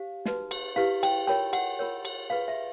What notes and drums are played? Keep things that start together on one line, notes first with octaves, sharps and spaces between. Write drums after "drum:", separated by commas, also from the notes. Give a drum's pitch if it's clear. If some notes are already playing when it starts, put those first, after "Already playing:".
Already playing: G4 C5 F5
D#4 F#4 B4, drum: snare
drum: cymbal
E4 G4 B4 F5
G5, drum: cymbal
F4 A#4 C#5 G5
F#5, drum: cymbal
F4 A#4 C#5
drum: cymbal
F4 G#4 B4 F5
E5